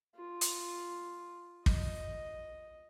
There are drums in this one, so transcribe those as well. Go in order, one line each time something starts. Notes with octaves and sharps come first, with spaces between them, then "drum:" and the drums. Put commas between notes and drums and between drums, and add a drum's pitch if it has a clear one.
F4
drum: hi-hat
D#5, drum: kick